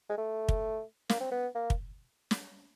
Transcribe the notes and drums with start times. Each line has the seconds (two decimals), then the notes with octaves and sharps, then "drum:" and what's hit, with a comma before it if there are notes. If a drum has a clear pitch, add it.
0.09 G#3
0.18 A3
0.49 drum: kick
1.09 A#3, drum: snare
1.20 C4
1.31 B3
1.55 A#3
1.70 drum: kick
2.31 drum: snare